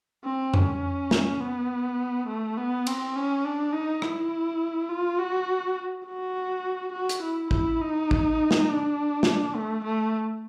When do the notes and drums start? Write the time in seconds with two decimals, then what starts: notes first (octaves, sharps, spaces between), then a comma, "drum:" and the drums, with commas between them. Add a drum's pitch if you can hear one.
0.24 C4
0.54 C#4, drum: tom F2
1.11 drum: snare
1.41 B3
2.28 A3
2.57 B3
2.87 C4, drum: cymbal
3.16 C#4
3.45 D4
3.73 D#4
4.02 E4, drum: rim click
4.89 F4
5.19 F#4
6.06 F#4
6.93 F#4
7.09 drum: hi-hat
7.23 E4
7.51 E4, drum: kick
7.81 D#4
8.11 drum: kick
8.51 drum: snare
8.68 D4
9.23 drum: snare
9.55 A3
9.84 A3